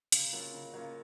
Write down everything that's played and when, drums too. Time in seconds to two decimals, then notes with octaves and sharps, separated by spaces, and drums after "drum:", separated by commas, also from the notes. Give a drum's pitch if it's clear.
0.12 C#3, drum: hi-hat
0.33 F#3 A#3 C#4 F4
0.53 C#3
0.73 F#3 A#3 C#4 F4